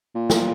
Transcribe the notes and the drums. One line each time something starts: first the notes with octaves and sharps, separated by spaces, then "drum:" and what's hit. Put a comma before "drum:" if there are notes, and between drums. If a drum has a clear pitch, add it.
A#2
drum: snare